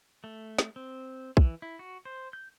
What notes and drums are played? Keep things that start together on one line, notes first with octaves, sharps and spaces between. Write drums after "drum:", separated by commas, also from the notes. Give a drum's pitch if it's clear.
A3
drum: snare
C4
E3, drum: kick
E4
F#4
C5
G6